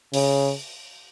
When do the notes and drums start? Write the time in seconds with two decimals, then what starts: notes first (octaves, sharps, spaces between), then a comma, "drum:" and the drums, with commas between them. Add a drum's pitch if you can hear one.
0.14 C#3, drum: open hi-hat